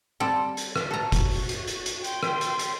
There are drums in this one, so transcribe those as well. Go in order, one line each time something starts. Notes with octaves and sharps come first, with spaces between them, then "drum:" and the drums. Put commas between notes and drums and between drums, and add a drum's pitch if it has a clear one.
G3 C4 A4
drum: hi-hat
drum: rim click
F#4 A4 A#5
drum: kick F#1, hi-hat
drum: open hi-hat
drum: hi-hat
drum: hi-hat
drum: hi-hat
G5 C6, drum: hi-hat
drum: rim click
drum: hi-hat
drum: hi-hat